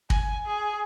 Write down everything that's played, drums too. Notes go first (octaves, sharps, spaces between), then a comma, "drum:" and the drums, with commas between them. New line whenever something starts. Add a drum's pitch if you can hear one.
G#5, drum: kick
G#4